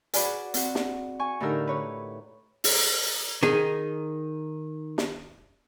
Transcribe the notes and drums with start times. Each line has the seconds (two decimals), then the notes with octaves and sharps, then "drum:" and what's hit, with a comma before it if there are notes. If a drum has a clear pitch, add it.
0.14 F#4 G#4 B4 D5 G#5, drum: hi-hat
0.54 C4 F#4, drum: hi-hat
0.75 drum: snare
1.20 G#5 C#6
1.40 A2 D3 D#4 G4 A#4 E6
1.67 B4 C#5
2.64 drum: open hi-hat
3.43 D#3 D#4 G#4
4.98 drum: snare